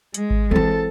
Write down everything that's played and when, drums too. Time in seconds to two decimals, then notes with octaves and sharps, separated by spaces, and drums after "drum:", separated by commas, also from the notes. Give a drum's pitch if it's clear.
0.14 G#3, drum: hi-hat
0.30 drum: kick G#1
0.51 E3 C4 A4 A5